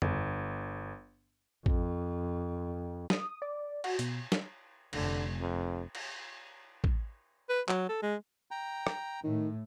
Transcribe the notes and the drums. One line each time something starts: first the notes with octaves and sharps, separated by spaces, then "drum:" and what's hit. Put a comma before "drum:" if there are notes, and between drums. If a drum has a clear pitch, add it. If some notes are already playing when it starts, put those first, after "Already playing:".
G1, drum: tom F2
F2, drum: kick
D#6, drum: snare
D5
F#4, drum: cymbal
B2, drum: hi-hat
drum: snare
F1 D3, drum: cymbal
F2
drum: cymbal
drum: kick
B4
F#3, drum: clap
A4
G#3
G5 A#5
drum: rim click
A2 D#3 A3